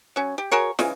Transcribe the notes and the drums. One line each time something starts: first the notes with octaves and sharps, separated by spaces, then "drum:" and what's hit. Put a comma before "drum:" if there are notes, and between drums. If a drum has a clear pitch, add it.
F#3 C#4
G4
F#4 G#4 A#4 C#5
C#3 E3 G#3, drum: snare